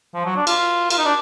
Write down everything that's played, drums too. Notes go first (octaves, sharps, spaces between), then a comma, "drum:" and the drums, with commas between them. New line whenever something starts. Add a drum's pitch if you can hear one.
F3
F#3
D4
F4, drum: cymbal
F4, drum: cymbal
D#4
D4